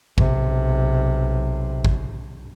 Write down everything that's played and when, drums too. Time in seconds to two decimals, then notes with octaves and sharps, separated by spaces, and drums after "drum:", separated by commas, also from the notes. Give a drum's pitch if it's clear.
0.18 B1 C3, drum: kick G#1
1.85 drum: kick G#1